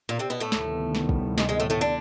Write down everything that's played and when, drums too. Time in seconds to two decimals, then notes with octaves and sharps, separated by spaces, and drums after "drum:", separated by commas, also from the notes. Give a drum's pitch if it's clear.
0.09 A#2 A#3
0.19 C3 C4
0.30 B2 B3
0.40 A2 A3
0.52 D2 C3 D#3 G3 B3, drum: snare
0.95 drum: snare
1.09 drum: kick
1.38 G#2 G#3, drum: snare
1.49 G#2 G#3
1.60 A2 A3
1.70 A2 A3
1.81 D3 D4